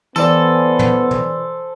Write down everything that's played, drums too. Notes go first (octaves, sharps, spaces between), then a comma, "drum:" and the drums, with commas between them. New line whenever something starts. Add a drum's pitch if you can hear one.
E3 B3 A4 C5 D5 G#5, drum: tambourine
drum: tom
drum: tom